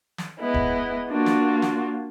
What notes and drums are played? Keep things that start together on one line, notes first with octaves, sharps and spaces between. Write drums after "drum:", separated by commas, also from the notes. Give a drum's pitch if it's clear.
drum: snare
G#3 B3 E4 D#5
drum: kick
A#3 D4 F4 F#4
drum: snare
drum: snare